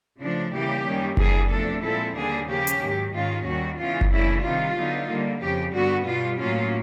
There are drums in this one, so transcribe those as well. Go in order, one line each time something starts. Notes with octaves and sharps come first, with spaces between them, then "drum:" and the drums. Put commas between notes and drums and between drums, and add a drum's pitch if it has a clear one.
C#3 F3 A3 D4
D#2 C#3 E3 G3 A#3 G4
F#2 D#3 G3 A#3 C#4
C3 E3 G3 A#3 D4 G#4, drum: kick F#1
E2 C3 F3 A3 D4 A4
A#2 F3 G#3 C4 E4 A4
D#2 D3 G3 A#3 D4 G#4
C#3 F3 A#3 C#4 G4
drum: hi-hat
G#2 D#3 F#3
G#2 D#3 G#3 C#4 F4
D#2 D#3 G3 F#4
C#3 E3 G#3 B3 F4
drum: kick F#1
C#3 E3 A3 D4 E4
C3 D#3 G3 F4
D3 F#3 B3 D#4
D3 G3 A#3
F2 C#3 F3 G4
G2 D3 G3 B3 F#4
B2 G3 B3 F4
A2 F#3 A#3 C#4 F4